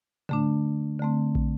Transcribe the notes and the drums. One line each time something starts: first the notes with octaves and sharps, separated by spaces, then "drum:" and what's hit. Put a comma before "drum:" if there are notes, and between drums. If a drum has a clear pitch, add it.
D3 A3 D4, drum: tom
D3 A3 C4
drum: kick